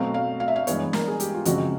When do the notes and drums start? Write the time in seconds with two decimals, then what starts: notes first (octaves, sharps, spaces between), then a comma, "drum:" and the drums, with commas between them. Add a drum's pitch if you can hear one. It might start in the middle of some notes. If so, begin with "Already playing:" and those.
Already playing: B2 F#3 A3 C4 F5
0.14 F5
0.40 F5
0.48 E5
0.56 F5
0.67 G2 E3 G#3 B3 C#5, drum: hi-hat
0.93 A#4, drum: snare
1.08 G#4
1.20 G4, drum: hi-hat
1.34 F4
1.45 C#2 C#3 F3 G#3 C4 F#4, drum: hi-hat